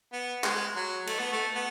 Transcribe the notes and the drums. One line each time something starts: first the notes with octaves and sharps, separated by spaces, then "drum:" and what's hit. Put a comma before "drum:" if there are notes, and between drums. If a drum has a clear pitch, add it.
B3
G#3, drum: clap
F#3
A3, drum: cymbal
B3
A3
B3